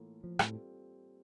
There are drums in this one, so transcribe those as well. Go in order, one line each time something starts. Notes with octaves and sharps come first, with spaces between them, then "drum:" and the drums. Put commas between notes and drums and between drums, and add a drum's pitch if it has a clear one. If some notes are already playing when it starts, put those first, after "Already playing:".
Already playing: A2 E3 A#3 F4 A4
F3
A2 G3 C4 F4 A4, drum: rim click